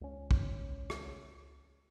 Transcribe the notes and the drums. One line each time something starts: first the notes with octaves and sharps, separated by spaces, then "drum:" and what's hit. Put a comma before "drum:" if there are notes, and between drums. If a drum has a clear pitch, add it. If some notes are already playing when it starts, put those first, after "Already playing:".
C#2 C#4
drum: kick
drum: rim click